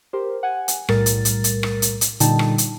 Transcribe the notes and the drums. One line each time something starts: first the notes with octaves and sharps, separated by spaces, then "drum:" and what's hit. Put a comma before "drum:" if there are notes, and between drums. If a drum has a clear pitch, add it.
G4 A#4 C5
F#5 G#5
drum: hi-hat
B1 A2 G3 A#4 A6, drum: rim click
drum: hi-hat
drum: hi-hat
drum: hi-hat
drum: rim click
drum: hi-hat
drum: hi-hat
A#2 D3 G3 D#4 G5 A5, drum: hi-hat
drum: rim click
drum: hi-hat